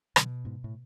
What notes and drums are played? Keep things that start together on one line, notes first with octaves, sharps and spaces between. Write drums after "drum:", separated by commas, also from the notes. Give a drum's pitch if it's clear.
B2 D3 F#3, drum: rim click
G#2 B2
A2